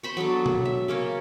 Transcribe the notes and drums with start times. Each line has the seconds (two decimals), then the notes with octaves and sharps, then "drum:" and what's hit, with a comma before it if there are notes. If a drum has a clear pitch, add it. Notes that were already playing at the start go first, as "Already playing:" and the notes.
0.03 C5 B5 C#6
0.17 F#3 B3 D4 A4
0.46 drum: tom B2
0.65 E5
0.88 C#3 A#3 C#5